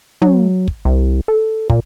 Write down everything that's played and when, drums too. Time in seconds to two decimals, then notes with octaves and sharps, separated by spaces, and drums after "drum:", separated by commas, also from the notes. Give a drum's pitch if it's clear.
0.22 F#3, drum: tom
0.68 drum: kick
0.85 C2
1.28 A4
1.70 A#2, drum: kick